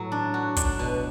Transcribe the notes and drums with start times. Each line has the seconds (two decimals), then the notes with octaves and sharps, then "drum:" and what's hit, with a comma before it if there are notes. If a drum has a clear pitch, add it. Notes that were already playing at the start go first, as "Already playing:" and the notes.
Already playing: A2 F#3
0.12 D4
0.34 F#4
0.56 D4, drum: kick, hi-hat
0.79 B2